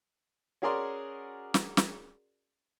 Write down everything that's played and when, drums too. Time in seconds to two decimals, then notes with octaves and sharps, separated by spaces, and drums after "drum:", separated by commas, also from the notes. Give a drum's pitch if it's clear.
0.62 C#4 F#4 G#4 A#4 D5 C6
1.54 drum: snare
1.77 drum: snare